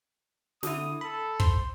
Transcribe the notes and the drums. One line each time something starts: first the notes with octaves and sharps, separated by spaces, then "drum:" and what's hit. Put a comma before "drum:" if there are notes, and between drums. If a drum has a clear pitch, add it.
D3 E4 D#6, drum: snare
A4 B5
C5 C6, drum: kick